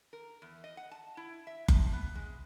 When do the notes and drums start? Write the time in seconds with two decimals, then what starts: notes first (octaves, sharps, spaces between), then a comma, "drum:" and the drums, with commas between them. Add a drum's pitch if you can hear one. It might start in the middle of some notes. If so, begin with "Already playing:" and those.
0.13 A#4
0.42 E2
0.64 D#5
0.77 F#5
0.91 A5
1.17 E4
1.47 E5
1.68 F3, drum: kick F#1
1.93 B3
2.15 G#3